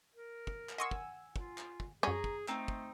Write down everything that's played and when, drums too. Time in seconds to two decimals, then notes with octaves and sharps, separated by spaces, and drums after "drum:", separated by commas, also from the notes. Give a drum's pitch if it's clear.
0.15 A#4
0.47 drum: kick
0.69 drum: clap
0.78 D#5 F#5 G#5 C6 C#6 E6
0.91 drum: kick
1.36 F4, drum: kick
1.58 drum: clap
1.80 drum: kick
2.03 F#2 G3 C#4 G#4 A#5
2.24 drum: kick
2.48 A3 C4 D#4, drum: clap
2.68 drum: kick